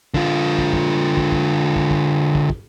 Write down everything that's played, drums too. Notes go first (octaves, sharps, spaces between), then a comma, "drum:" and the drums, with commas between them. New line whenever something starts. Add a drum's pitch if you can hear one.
D3 F4, drum: kick
drum: kick
drum: kick
drum: kick
drum: kick
drum: kick
drum: kick
drum: kick
drum: kick